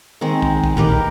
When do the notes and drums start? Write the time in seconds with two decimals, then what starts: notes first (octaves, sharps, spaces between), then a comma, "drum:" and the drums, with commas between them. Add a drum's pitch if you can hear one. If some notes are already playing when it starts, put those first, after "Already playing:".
0.21 D#3 G#3 C4
0.42 drum: kick
0.64 drum: kick
0.77 A#1 A2 D#3 G4 A#4 B4